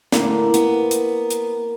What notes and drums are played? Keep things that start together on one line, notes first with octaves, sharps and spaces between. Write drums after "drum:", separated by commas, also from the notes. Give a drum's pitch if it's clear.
A2 D3 A#3, drum: snare
B3, drum: hi-hat
drum: hi-hat
drum: hi-hat